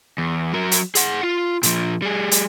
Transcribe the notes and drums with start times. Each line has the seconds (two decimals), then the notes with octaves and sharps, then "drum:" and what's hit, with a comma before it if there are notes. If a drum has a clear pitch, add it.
0.18 E2
0.53 F#3 A#4
0.71 drum: hi-hat
0.95 G#4 F#5, drum: hi-hat
1.23 F4
1.63 A#2 F3, drum: hi-hat
2.02 G3 G#4
2.31 drum: hi-hat